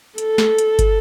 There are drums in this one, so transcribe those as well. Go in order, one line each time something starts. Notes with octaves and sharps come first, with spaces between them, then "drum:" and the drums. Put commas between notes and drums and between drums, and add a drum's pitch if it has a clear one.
A4, drum: hi-hat
drum: snare
drum: hi-hat
drum: kick, hi-hat